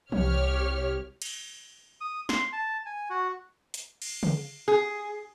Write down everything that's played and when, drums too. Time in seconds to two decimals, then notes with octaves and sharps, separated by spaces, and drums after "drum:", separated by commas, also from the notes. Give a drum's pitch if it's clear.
0.12 C2 G4 C#5 F6, drum: tom E3
1.22 drum: cymbal
2.01 D#6
2.29 C6, drum: snare
2.53 A5
2.86 G#5
3.10 F#4
3.74 drum: hi-hat
4.02 drum: cymbal
4.23 drum: tom C#3
4.68 G#4